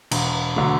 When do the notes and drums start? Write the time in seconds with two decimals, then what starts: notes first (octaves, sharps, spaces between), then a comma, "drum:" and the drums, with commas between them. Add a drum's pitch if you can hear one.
0.11 E1, drum: cymbal
0.56 D3 F#3 A3